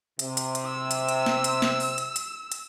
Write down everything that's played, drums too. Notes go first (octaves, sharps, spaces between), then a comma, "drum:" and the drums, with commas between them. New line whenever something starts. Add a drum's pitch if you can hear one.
C3, drum: hi-hat
drum: hi-hat
drum: hi-hat
E6
drum: hi-hat
drum: hi-hat
drum: snare
drum: hi-hat
drum: snare
drum: open hi-hat
drum: hi-hat
drum: hi-hat
drum: hi-hat